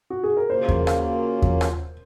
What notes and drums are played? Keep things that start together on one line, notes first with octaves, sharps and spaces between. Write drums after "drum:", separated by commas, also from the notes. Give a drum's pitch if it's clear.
F#4
G#4
A#4
C#3 F#3 A#3 F4 C5
drum: kick E2
drum: rim click
drum: kick E2
drum: rim click